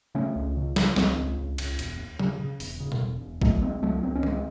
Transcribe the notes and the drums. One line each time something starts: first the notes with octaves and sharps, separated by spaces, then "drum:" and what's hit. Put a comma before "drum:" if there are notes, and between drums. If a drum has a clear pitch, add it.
C#3 A3 C#4
C#2
C#3
C#3, drum: snare
C#2 G#3 C4, drum: snare
C#2
C#2
C#2, drum: cymbal
E1, drum: hi-hat
D#2
C#3, drum: tom F#3
C#3
E1, drum: open hi-hat
C#3
drum: tom B2
E1
E1
C#2 F#3 A3, drum: kick A1
C3 G#3 C4
C#2 F#3 A3
C#2 C4
C#4
C#2 G#3 C4, drum: tom D#3